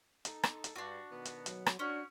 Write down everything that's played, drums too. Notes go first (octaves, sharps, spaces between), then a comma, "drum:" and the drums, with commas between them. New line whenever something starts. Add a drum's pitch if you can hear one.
D#4 A4, drum: hi-hat
drum: rim click
drum: hi-hat
G2 D4 F#4
B2 D#3 B3
drum: hi-hat
F#3, drum: hi-hat
drum: rim click
C#4 D4 F#4 C#5